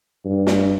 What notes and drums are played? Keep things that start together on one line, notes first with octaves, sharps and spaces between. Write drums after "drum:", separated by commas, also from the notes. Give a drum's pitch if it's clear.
G2
drum: snare